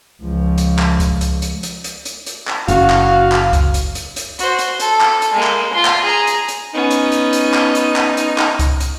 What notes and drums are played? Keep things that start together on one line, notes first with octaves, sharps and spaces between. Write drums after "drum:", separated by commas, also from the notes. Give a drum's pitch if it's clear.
C#2 F3
drum: hi-hat
drum: clap
drum: kick C#2, hi-hat
drum: hi-hat
drum: hi-hat
drum: hi-hat
drum: hi-hat
drum: hi-hat
drum: hi-hat
drum: clap
F#1 F#4 F5, drum: hi-hat
drum: clap
drum: clap
drum: kick C#2, hi-hat
drum: hi-hat
drum: hi-hat
drum: hi-hat
F#4 C5, drum: hi-hat
drum: hi-hat
A4, drum: hi-hat
drum: clap
drum: hi-hat
G#3 A#3
drum: clap
F4 C6
drum: clap
G#4 A#5
drum: hi-hat
drum: hi-hat
B3 C#4 D#4
drum: hi-hat
drum: hi-hat
drum: hi-hat
drum: clap
drum: hi-hat
drum: clap
drum: hi-hat
drum: clap
drum: kick C#2, hi-hat
drum: hi-hat